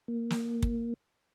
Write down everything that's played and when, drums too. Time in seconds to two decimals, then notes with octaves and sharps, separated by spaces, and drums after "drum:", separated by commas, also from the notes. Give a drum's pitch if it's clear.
0.08 A#3
0.30 drum: snare
0.63 drum: kick